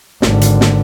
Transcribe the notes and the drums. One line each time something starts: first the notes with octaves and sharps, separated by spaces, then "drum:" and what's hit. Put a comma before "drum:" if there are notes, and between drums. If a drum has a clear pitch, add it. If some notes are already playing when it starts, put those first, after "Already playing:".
G#1 D3, drum: snare
drum: hi-hat
drum: snare